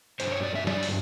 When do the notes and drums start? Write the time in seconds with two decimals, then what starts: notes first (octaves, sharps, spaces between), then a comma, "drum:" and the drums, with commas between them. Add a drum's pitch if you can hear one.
0.20 G2 D3 F#3 C5, drum: hi-hat
0.32 C#5
0.43 D5
0.55 E5
0.67 D5, drum: snare
0.83 drum: open hi-hat